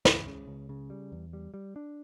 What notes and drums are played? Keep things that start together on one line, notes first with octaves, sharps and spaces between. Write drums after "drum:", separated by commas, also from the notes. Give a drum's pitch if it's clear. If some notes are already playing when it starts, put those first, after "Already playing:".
C#2, drum: snare
C#3
C#2
C#3
G3
E2
G3
G3
D4